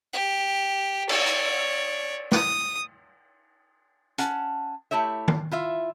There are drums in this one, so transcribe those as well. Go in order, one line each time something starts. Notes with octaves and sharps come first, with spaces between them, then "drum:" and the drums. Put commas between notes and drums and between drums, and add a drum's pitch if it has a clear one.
G4
C#5 D5, drum: cymbal
drum: hi-hat
D#6, drum: snare
C#4 F#5 A5, drum: hi-hat
A3 E4 G4 C#5 E5
drum: tom D#3
E4 F4 E5